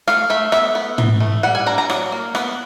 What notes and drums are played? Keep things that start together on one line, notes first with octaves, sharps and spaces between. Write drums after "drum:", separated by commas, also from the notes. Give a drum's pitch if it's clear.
A3 F5, drum: rim click
A3 E5
B3 E5, drum: rim click
B3
E3, drum: tom
A3
G3 F#5
G#5
D4 A#5
A#5
F#3, drum: rim click
A#3
B3, drum: rim click